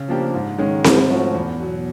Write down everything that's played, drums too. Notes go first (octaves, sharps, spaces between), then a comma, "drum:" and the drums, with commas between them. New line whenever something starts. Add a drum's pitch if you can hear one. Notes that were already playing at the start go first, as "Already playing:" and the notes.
Already playing: C#3
F3 A#3 D4 G4
G#2
D#3 G#3 C#4
G#2, drum: snare C4
F3 A3 C#4 F#4
E2
B2 F#3